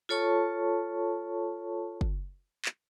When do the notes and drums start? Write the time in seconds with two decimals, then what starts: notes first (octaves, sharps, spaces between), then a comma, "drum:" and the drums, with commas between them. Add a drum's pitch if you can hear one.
0.09 F4 A4 C#5 A5 C#6
2.01 drum: kick F#1
2.65 drum: clap